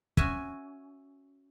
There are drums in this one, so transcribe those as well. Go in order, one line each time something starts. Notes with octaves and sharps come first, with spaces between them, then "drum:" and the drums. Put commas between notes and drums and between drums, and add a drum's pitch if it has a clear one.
C#4 F#4 E5 G#5, drum: kick